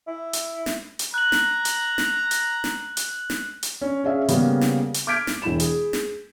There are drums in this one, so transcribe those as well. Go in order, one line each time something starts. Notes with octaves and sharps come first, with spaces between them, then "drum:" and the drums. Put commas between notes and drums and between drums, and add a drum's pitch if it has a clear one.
E4
drum: hi-hat
drum: snare
drum: hi-hat
A#5 F#6 F#7
drum: snare
drum: hi-hat
drum: snare
drum: hi-hat
drum: snare
drum: hi-hat
drum: snare
drum: hi-hat
C#4
C#4 G#4 C#5 E5 F5
C#3 G3 A#3 B3, drum: hi-hat
drum: snare
drum: hi-hat
D6 F6 G6 G#6 B6 D7
drum: snare
E1 E4 B5 E7
G#4, drum: hi-hat
drum: snare